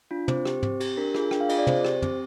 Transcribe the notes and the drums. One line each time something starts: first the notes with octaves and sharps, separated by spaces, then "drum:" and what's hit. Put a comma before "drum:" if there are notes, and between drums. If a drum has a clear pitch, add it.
D4 F4
C4 C5, drum: tom
G4, drum: rim click
C4, drum: tom
G4, drum: cymbal
D4 A#4
F4 G#4, drum: rim click
D4 G5, drum: rim click
F5
F4 G#4 D#5, drum: cymbal
D5
C4 C5, drum: tom
G4, drum: rim click
C4, drum: tom